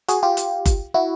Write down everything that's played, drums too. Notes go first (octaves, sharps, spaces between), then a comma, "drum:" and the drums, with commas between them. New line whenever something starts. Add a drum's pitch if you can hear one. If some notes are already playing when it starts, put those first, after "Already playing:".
F#4 G#4, drum: hi-hat
F4 G4
drum: hi-hat
drum: kick F#1, hi-hat
E4 F#4